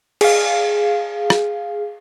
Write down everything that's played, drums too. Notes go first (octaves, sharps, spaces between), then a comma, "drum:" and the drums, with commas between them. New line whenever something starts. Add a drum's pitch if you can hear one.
G#4 F5, drum: cymbal
drum: rim click